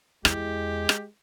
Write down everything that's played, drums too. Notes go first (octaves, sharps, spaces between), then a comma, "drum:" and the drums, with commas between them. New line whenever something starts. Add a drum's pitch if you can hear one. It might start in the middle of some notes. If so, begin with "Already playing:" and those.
E2 G#3 E4 G4, drum: rim click
drum: rim click